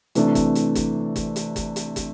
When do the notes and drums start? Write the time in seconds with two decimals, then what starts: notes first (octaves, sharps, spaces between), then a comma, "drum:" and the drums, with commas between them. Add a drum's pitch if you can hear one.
0.15 C3 E3 A3 D4, drum: hi-hat
0.35 drum: kick, hi-hat
0.55 drum: hi-hat
0.75 drum: kick, hi-hat
1.16 drum: kick, hi-hat
1.36 drum: hi-hat
1.56 drum: kick, hi-hat
1.76 drum: hi-hat
1.96 drum: kick, hi-hat